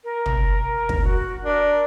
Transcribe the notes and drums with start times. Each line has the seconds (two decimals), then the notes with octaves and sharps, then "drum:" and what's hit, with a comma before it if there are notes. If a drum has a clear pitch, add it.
0.04 A#4
0.26 drum: tom
0.89 drum: kick
1.04 F#4
1.44 D4 A#4